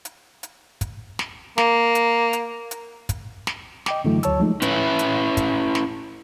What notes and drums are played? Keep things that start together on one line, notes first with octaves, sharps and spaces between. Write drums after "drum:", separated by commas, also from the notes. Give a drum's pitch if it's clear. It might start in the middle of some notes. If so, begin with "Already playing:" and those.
drum: hi-hat
drum: hi-hat
drum: kick, hi-hat
drum: snare
A#3, drum: snare
drum: hi-hat
drum: hi-hat
drum: hi-hat
drum: kick, hi-hat
drum: snare
D#5 G5 D6, drum: snare
F#2 D3 E3 F#3 A3 E4
D2 F#3 C#5 A5 E6, drum: hi-hat
F3 G#3 A3 D#4
C#4 E4 B4, drum: hi-hat
drum: hi-hat
drum: kick, hi-hat
drum: snare